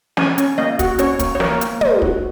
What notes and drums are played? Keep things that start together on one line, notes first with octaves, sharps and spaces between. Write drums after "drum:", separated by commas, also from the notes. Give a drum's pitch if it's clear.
C#4 G#5, drum: snare
C#4, drum: hi-hat
A#3 D#5
F#4, drum: kick, hi-hat
C#4 C#5, drum: hi-hat
A#3, drum: kick, hi-hat
C#5
A#3 A#4, drum: snare
A#3, drum: hi-hat
G#3, drum: tom
F#4, drum: kick